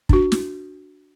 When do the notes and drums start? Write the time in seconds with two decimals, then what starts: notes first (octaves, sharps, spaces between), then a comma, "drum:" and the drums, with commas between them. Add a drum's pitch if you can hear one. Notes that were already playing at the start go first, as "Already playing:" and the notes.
0.09 D4 F#4, drum: kick
0.32 drum: snare